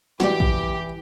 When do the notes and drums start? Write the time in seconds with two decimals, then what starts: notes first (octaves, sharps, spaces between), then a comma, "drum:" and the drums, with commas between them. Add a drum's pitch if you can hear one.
0.20 E3 F#3 G4 D5, drum: snare
0.40 drum: kick